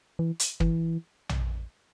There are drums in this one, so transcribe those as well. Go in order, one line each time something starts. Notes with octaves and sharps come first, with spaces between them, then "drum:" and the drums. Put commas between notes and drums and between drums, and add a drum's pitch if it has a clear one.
E3
drum: hi-hat
E3, drum: kick
drum: tom A#1